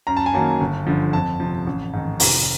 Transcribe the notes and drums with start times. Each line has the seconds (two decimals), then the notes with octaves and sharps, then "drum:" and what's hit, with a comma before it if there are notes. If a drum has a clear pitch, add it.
0.07 F#2 A#5
0.17 A5
0.26 G#5
0.33 D#3 F#3 A#3 A5
0.61 G1
0.87 G2 D3 F3
1.13 F2 A5
1.40 C3 F3
1.67 A1
1.93 G#2 D#3
2.20 F1 A#5, drum: open hi-hat